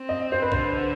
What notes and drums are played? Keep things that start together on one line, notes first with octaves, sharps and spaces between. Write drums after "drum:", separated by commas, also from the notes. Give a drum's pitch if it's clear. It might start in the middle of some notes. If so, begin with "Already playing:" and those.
Already playing: C4
D#5
C5
B4
D3 C5, drum: kick